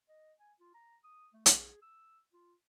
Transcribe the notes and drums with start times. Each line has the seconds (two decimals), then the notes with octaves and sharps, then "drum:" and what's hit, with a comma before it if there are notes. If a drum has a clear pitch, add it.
0.09 D#5
0.40 G#5
0.60 F4
0.74 A#5
1.04 D#6
1.33 A3
1.46 G#4, drum: hi-hat
1.82 E6
2.33 F4